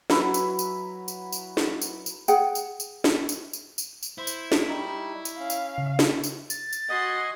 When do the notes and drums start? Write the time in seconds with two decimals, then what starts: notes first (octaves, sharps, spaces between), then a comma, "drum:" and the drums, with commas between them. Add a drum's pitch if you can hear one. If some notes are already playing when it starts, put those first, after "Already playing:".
0.10 F#3 E4 B4, drum: snare
0.34 drum: tambourine
0.59 drum: tambourine
1.08 drum: tambourine
1.32 drum: tambourine
1.57 drum: snare
1.82 drum: tambourine
2.06 drum: tambourine
2.28 G#4 F#5 G5, drum: tambourine
2.55 drum: tambourine
2.80 drum: tambourine
3.04 drum: snare
3.29 drum: tambourine
3.53 drum: tambourine
3.78 drum: tambourine
4.03 drum: tambourine
4.18 E4 C5
4.27 drum: tambourine
4.52 drum: snare
4.68 G3 D#4 C#6
5.25 drum: tambourine
5.39 C#4 F5
5.50 drum: tambourine
5.78 C#3
5.99 drum: snare
6.24 drum: tambourine
6.50 A6, drum: tambourine
6.73 drum: tambourine
6.89 F#4 D#5 F#5 G#5 C6